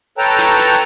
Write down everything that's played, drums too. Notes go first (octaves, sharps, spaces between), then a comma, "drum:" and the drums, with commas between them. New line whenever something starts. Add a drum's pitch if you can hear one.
A4 B4 C#5 G5 A5 A#5
drum: snare
drum: snare